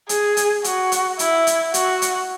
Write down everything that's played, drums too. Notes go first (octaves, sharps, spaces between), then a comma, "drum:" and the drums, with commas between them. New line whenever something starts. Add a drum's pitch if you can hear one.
G#4, drum: hi-hat
drum: hi-hat
F#4, drum: hi-hat
drum: hi-hat
E4, drum: hi-hat
drum: hi-hat
F#4, drum: hi-hat
drum: hi-hat